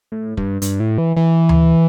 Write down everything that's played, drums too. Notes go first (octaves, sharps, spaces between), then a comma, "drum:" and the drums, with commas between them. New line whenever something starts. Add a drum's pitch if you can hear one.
A2
G2, drum: kick
G2, drum: hi-hat
A2
E3
E3
drum: tom D2